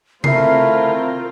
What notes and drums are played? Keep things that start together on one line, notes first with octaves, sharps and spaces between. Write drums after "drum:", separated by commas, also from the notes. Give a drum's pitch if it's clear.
A3 C4 E4 F4 A#4 E5 C7, drum: tom C3